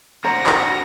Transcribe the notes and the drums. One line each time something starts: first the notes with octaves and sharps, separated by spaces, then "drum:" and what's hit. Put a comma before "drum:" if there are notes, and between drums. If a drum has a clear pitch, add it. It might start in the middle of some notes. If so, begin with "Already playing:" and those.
D4 F#4 A#4 C5 A#5 A#6
drum: clap